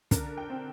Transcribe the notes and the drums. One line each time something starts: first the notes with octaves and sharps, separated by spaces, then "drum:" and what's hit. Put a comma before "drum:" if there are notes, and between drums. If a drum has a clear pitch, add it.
D3 A#4, drum: kick, hi-hat
G5
C4